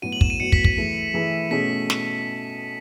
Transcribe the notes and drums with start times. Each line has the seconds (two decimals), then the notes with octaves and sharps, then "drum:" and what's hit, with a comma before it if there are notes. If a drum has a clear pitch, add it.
0.02 A2 F#3 B3 F#4 D#7
0.13 F#7
0.21 E7, drum: kick
0.30 D#7
0.40 A2 F#3 B3 F#4 C#7
0.52 B6, drum: kick
0.64 B6, drum: kick
0.77 E3 A3 E4 G#4
1.14 E3 A3 E4 G#4
1.51 B2 A3 C#4 G#4 B6
1.90 drum: snare